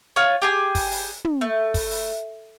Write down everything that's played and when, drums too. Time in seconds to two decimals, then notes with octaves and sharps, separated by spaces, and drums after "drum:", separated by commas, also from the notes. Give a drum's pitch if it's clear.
0.16 F4 C#5
0.42 G4 G#4 G#5
0.75 drum: kick, open hi-hat
0.91 drum: open hi-hat
1.25 drum: tom
1.41 A3
1.74 drum: kick, open hi-hat
1.91 drum: open hi-hat